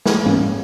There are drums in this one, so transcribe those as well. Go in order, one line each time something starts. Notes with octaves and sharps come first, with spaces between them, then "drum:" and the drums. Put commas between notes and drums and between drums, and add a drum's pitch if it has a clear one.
drum: snare
G#2 E3 G#3 A#3 B3 C#4 D#4